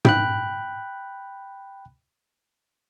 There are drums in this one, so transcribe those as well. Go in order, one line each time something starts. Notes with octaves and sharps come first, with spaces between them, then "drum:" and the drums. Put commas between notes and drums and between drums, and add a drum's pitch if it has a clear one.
G5 B5 F#6, drum: tom